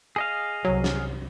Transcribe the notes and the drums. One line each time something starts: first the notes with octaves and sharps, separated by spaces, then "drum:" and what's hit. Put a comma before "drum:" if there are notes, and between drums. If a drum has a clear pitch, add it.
G#4 D#5 F5
C2 F#3
drum: snare